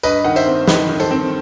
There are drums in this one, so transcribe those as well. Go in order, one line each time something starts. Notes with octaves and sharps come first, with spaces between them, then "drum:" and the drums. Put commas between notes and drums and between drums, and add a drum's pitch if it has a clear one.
G2 B4 D#5, drum: tambourine
D#3 F#5
C5 E5, drum: tambourine
C4
D#3 B4 D#5, drum: snare
D#3
A4 C5, drum: tambourine
C4